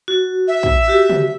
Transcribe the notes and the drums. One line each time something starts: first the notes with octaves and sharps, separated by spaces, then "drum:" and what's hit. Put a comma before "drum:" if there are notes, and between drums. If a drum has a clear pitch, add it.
F#4
E5
drum: kick
F#4 G4
drum: tom